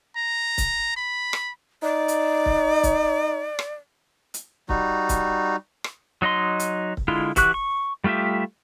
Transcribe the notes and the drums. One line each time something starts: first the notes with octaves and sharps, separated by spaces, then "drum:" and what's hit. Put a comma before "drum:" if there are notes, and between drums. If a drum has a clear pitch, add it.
A#5
drum: kick C#1, hi-hat
B5
drum: rim click
D#4 D5
drum: hi-hat
drum: kick C#1
drum: kick C#1, hi-hat
drum: rim click
drum: hi-hat
G3 D#4 F#4, drum: kick C#1
drum: kick C#1, hi-hat
drum: rim click
F#3 D#4 D#5 C6
drum: hi-hat
drum: kick C#1
D3 G#3 E4 F4
E3 F#4 G4 C#6 F#6, drum: kick C#1, hi-hat
C#6
G3 A3 F4 G4 E5